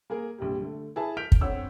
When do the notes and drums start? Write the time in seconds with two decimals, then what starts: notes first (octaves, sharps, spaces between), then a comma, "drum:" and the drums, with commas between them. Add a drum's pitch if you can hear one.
0.10 A#3 G#4 A#4
0.38 A#1 C3 G3
0.61 D3 A3
0.96 E4 G#4 B4 E5 G#5 A5
1.17 F6 G6 B6 D7 F7
1.32 drum: kick
1.41 G1 C4 C#5 F#5 E6